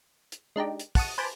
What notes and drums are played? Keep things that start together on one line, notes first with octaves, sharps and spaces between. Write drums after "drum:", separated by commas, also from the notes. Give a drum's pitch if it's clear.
drum: hi-hat
G#3 D4 D#4 G4
drum: hi-hat
F#5 A5 C#6 D#6, drum: kick, open hi-hat
B4 C5 G#5 A5 B5 D6